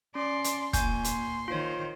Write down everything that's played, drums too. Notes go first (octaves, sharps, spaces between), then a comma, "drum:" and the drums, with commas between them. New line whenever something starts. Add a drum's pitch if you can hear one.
C#4 D5 C6
drum: hi-hat
A#2 G#5 C#6 G6, drum: kick, hi-hat
C6, drum: hi-hat
D#3 F4 C5 C#5